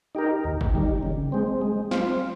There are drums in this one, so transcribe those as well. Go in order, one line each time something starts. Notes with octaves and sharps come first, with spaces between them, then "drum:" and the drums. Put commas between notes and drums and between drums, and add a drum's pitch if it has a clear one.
D#4 G4 A#4
D#2
drum: kick
D#3 G3
C#3
G#3 C4
G#3
C4 F4, drum: snare